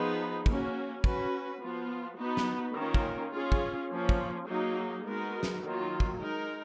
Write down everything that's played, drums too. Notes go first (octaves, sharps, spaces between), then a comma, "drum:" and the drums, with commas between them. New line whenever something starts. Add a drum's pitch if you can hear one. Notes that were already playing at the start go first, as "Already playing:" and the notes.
Already playing: F3 B3 D#4 G#4 B4
A#3 C#4 F#4, drum: kick
C#4 F#4 B4, drum: kick
F3 B3 F4
B3 D#4 F#4 B4
drum: snare
D#3 A#3 C#4 F4 A#4
drum: kick
C#4 F4 G#4
drum: kick
F3 A#3 C#4
drum: kick
F#3 A#3 D#4 G#4
G#3 B3 D#4 F#4 A#4
drum: snare
D#3 F#3 A#3 F4
drum: kick
G#3 D#4 A#4